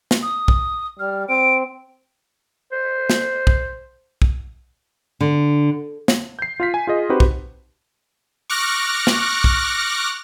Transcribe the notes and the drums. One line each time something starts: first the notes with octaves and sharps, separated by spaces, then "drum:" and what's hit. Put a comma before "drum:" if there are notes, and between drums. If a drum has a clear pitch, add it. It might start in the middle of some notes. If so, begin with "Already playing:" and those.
drum: snare
D#6
drum: kick
G3 F6
C4 D7
C5
drum: snare
drum: kick
drum: kick
D3
drum: snare
G6 C7
F4 F5 B6
G#5
F4 G#4 D#5
C4 D#4 F#4 G4 B4 C5
drum: kick
C#6 D6 F6 F#6 A#6
drum: snare
drum: kick